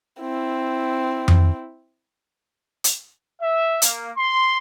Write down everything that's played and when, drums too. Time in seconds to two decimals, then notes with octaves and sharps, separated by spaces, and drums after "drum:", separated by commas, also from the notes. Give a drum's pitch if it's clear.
0.21 C4 E4
1.28 drum: tom F2
2.84 drum: hi-hat
3.41 E5
3.82 A#3, drum: hi-hat
4.16 C6